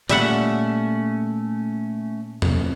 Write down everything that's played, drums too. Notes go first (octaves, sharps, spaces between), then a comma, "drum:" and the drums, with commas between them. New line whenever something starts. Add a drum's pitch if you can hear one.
A#2 G3 A3 C#4 E5 F#5, drum: hi-hat
drum: tom E2